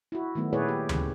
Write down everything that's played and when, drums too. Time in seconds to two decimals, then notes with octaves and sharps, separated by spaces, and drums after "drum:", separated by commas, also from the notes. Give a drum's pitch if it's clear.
0.12 E4 F#4
0.35 D#3 F#3 A3 B3
0.53 A#2 E4 G#4 B4 C#5 D5
0.69 G4
0.89 C#3, drum: tom D2